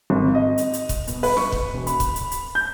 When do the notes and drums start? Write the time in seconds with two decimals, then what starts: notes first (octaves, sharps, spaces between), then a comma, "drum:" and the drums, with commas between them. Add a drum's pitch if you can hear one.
0.10 G#1
0.35 D#5
0.58 drum: hi-hat
0.73 drum: hi-hat
0.89 drum: kick, hi-hat
1.07 B2, drum: hi-hat
1.23 B4, drum: open hi-hat
1.37 C#6, drum: snare
1.52 drum: kick
1.73 E1
1.87 B5, drum: hi-hat
2.00 drum: kick, hi-hat
2.16 drum: hi-hat
2.31 drum: hi-hat
2.55 G6